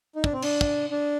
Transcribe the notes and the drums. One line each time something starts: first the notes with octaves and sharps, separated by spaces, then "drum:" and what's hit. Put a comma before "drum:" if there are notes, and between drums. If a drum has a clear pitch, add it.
D#4
D4, drum: kick
C4
D4, drum: cymbal
drum: kick
D4